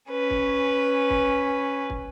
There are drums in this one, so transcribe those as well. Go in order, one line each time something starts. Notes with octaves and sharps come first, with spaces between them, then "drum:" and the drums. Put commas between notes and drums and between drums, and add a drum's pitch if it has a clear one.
C#4 B4
drum: kick
drum: kick
drum: kick